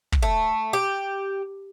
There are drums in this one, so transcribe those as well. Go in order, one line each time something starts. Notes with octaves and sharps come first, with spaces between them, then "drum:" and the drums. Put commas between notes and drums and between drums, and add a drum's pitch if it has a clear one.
drum: kick
A3
G4